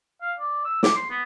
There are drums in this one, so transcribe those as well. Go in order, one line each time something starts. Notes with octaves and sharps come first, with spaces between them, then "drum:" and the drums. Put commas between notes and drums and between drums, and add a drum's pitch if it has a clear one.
F5
D5
E6
D6, drum: snare
C6
B3